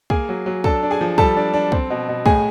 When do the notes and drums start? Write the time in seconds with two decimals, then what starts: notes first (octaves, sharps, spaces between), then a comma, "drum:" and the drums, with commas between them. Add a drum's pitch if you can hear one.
0.10 A#3 G#4 G#5, drum: kick
0.29 F#3
0.46 F#3
0.64 D4 A4 A5, drum: kick
0.83 D4
0.91 G#4 G#5
1.01 F3
1.18 G3 A4 A5, drum: kick
1.37 D4
1.54 D4
1.72 C4, drum: kick
1.90 B2
2.08 B2
2.26 A2 G#4 G#5, drum: kick